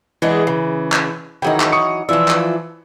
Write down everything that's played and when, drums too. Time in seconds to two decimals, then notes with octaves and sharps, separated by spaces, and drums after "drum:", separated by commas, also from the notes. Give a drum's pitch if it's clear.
0.22 E3 F#3 G#3 D4
0.47 C#3
0.92 drum: clap
1.42 D#3 E3 F#3 D#4 G#4 G5
1.60 drum: clap
1.72 C#6 D#6 C#7
2.09 E3 F3 F4 D5 E5
2.28 drum: clap